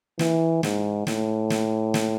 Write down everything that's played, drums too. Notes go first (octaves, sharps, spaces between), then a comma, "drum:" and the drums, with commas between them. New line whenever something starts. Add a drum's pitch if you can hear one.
E3, drum: snare
G#2, drum: snare
A2, drum: snare
drum: snare
drum: snare